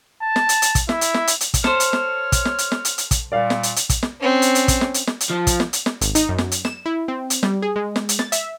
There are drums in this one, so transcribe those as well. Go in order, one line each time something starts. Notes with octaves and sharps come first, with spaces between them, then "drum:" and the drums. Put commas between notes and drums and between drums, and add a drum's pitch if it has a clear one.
A5
drum: snare
drum: hi-hat
drum: hi-hat
drum: kick, hi-hat
E4, drum: snare
drum: hi-hat
drum: snare
drum: hi-hat
drum: hi-hat
drum: kick, hi-hat
A4 C5 C#5 F6, drum: snare
drum: hi-hat
drum: snare
drum: kick, hi-hat
drum: snare
drum: hi-hat
drum: snare
drum: hi-hat
drum: hi-hat
drum: kick, hi-hat
A#2 G3 D5 F5
drum: snare
drum: hi-hat
drum: hi-hat
drum: kick, hi-hat
drum: snare
C4 C#4
drum: hi-hat
drum: hi-hat
drum: kick, hi-hat
drum: snare
drum: hi-hat
drum: snare
drum: hi-hat
F3
drum: kick, hi-hat
drum: snare
drum: hi-hat
drum: snare
G#1, drum: hi-hat
D#4, drum: hi-hat
F#2
drum: snare
drum: hi-hat
E7, drum: snare
E4
C4
drum: hi-hat
G3, drum: snare
G#4
G#3
drum: snare
drum: hi-hat
A6, drum: snare
E5, drum: hi-hat